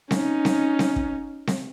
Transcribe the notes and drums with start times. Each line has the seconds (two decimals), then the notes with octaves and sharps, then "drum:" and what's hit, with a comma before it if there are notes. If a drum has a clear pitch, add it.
0.11 C#4 D#4, drum: snare C4
0.45 drum: snare C4
0.79 drum: snare C4
0.96 drum: kick
1.47 drum: snare C4